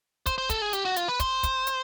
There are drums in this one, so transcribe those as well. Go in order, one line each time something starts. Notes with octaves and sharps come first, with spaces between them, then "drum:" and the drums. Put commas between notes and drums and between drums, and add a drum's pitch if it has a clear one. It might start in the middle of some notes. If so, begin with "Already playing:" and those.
C5, drum: kick, hi-hat
C5
A4, drum: kick, hi-hat
G#4
G4, drum: hi-hat
F#4
F4, drum: hi-hat
B4
C5, drum: kick, hi-hat
drum: kick, hi-hat
drum: hi-hat